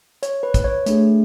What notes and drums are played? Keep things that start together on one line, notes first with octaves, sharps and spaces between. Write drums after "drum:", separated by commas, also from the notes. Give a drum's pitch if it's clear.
C#5, drum: hi-hat
B4
drum: kick, hi-hat
C#5
A3 D4 G#4, drum: hi-hat